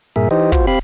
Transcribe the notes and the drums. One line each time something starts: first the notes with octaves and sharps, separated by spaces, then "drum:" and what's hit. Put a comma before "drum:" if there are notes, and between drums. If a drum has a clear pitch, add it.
G2 A#2 G#4 A#4 E5
E3 D#4 G4 C5 D#5
F4 F#4 C5, drum: kick
C4 G4 F5 B5